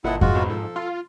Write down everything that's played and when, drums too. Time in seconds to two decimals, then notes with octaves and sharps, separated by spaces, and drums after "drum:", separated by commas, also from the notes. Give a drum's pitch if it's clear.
0.04 G1 A#2 E4 D#5 F#5 A5
0.21 G#2 G#3 F4 F#4 F#5, drum: kick F2
0.34 A#1 B2 F#3
0.50 F3 A4
0.76 F4 C6